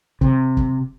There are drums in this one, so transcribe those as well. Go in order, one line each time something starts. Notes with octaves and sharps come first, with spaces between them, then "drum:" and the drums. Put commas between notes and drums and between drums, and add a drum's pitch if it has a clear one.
C3, drum: kick
drum: kick